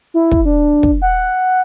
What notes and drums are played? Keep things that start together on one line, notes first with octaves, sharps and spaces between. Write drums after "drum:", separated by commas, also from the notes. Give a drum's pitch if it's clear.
E4
drum: kick
D4
drum: kick
F#5